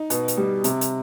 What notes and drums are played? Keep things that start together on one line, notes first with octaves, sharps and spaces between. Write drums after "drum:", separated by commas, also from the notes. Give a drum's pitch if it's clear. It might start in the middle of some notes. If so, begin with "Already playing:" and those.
Already playing: D#4
B2, drum: hi-hat
drum: hi-hat
G3
C3, drum: hi-hat
drum: hi-hat